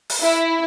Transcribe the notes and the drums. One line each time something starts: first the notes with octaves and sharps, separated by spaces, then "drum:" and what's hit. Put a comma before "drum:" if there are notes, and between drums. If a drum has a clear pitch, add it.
drum: open hi-hat
E4